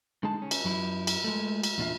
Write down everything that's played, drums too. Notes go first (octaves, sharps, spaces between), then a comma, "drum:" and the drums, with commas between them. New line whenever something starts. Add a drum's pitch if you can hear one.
D3 G#3 D#4 G#4 A5
C#4
drum: cymbal
F#2 F#3 E4
drum: cymbal
G#3 A3
drum: cymbal
E2 A#2 D4 F4 E5